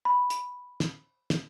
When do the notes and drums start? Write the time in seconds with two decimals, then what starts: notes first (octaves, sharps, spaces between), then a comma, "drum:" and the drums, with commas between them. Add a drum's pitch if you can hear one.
0.05 B5
0.30 drum: hi-hat
0.80 drum: snare
1.30 drum: snare